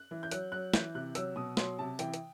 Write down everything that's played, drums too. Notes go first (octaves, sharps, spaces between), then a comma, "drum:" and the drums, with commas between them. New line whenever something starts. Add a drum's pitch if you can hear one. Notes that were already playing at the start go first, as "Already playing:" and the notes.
Already playing: F#6
E3
G6
F#3 F#6, drum: hi-hat
F#3 F#6
E3 G6, drum: snare
C3 F#6
F#3 E6, drum: hi-hat
B2 D#6
F#3 C6, drum: snare
C3 A5
E3 G5, drum: hi-hat
drum: hi-hat